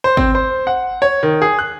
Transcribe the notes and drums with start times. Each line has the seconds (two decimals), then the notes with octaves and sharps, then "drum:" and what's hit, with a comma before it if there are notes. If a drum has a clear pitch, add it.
0.04 C5
0.17 C4, drum: kick G#1
0.35 C5
0.67 F#5
1.02 C#5
1.23 D#3
1.42 G#4
1.59 F#6